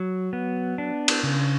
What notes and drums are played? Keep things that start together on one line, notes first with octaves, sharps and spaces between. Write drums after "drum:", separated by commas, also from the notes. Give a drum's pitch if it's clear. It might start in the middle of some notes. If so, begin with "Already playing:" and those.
Already playing: F#3
B3
D4
drum: cymbal
C#3